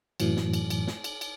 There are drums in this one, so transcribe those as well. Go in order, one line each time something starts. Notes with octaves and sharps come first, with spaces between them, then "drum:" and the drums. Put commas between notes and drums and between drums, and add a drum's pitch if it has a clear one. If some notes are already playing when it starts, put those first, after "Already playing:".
F#2 A2 E3 F#3, drum: cymbal
drum: snare
drum: cymbal
drum: cymbal
drum: snare
drum: cymbal
drum: cymbal